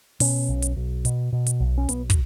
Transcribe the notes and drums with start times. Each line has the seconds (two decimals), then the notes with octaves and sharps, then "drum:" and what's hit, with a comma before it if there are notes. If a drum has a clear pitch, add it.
0.20 B2 C#4, drum: open hi-hat
0.48 B1
0.62 drum: hi-hat
0.76 B1
1.05 B2, drum: hi-hat
1.33 B2
1.47 drum: hi-hat
1.60 B1
1.78 C#4
1.89 B1 B3, drum: hi-hat
2.10 drum: kick, hi-hat